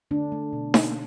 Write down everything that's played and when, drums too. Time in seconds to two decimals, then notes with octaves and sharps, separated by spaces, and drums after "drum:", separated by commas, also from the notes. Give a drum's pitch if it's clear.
0.11 D3 A3 D4
0.32 A3
0.53 B2
0.74 B2, drum: snare D#4